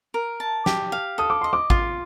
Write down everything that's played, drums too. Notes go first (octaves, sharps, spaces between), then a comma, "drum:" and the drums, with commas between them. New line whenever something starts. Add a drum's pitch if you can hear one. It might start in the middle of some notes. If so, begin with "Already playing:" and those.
A#4
A5
G4, drum: snare
F5
A4 D#6
D6
D#5 C6
D6
F4, drum: kick A1